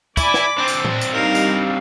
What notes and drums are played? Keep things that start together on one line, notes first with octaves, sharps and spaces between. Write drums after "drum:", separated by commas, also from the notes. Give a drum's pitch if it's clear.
E4 D5 G#5 B5 D6, drum: kick, tambourine
drum: snare
C4 D4 C5
drum: tambourine
drum: tom A2
drum: tambourine
G3 D#4 A#4 F5
drum: tambourine